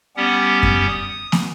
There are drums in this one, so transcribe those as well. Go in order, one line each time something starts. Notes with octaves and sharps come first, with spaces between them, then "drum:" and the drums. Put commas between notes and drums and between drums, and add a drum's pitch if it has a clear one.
G3 B3 C#4 G4 F#5
drum: kick F#2
D#6
drum: snare